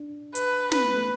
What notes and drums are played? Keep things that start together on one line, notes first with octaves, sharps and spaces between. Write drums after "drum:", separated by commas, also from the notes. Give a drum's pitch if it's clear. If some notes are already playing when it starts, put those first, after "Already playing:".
Already playing: D4
B4, drum: hi-hat
C#4 B4, drum: snare
B3
A3